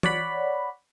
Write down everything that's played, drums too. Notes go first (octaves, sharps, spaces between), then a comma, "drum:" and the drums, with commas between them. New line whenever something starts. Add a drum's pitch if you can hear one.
C#5 D5 F#5 B5, drum: tom